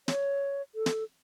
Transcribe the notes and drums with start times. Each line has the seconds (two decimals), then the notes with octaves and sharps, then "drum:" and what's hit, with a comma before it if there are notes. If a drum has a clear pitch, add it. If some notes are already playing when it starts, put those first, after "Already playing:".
0.08 C#5, drum: snare
0.75 A4
0.86 drum: snare